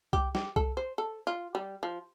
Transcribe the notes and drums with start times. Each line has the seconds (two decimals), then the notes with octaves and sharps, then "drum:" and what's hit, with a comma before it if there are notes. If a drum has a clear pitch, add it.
0.13 G4, drum: kick C2
0.35 G4, drum: snare
0.56 A4, drum: kick C2
0.77 C5
0.98 A4
1.27 F4
1.55 G3
1.83 F3